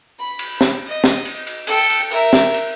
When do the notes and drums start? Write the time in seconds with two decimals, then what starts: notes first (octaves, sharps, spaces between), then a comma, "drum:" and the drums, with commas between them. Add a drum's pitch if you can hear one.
0.19 B5
0.39 drum: cymbal
0.61 drum: snare
0.87 D#5
1.04 drum: snare
1.25 drum: cymbal
1.47 drum: cymbal
1.67 A4 G5, drum: cymbal
1.90 drum: cymbal
2.11 A#4 E5, drum: cymbal
2.33 drum: snare
2.54 drum: cymbal